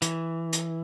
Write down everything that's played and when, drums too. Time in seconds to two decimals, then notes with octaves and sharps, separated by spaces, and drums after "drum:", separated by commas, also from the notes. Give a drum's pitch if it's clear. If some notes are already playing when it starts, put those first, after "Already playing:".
0.02 E3, drum: hi-hat
0.53 drum: hi-hat